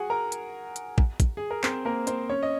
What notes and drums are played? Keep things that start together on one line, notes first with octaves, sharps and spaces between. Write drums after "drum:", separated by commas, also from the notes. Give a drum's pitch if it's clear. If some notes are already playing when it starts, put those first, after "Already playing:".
Already playing: F#4 G#4 F#5 G#5
A#4 A#5
drum: hi-hat
drum: hi-hat
drum: kick
drum: kick, hi-hat
G#4
A#4
C4 C5, drum: clap
A#3 A#4
C4 C5, drum: hi-hat
C#4 C#5
D#5